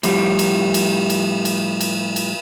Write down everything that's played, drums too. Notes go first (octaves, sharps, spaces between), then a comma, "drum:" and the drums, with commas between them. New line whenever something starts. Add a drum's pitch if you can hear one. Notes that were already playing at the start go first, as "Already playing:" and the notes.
A2 F3 G3, drum: cymbal
drum: cymbal
drum: cymbal
drum: cymbal
drum: cymbal
drum: cymbal
drum: cymbal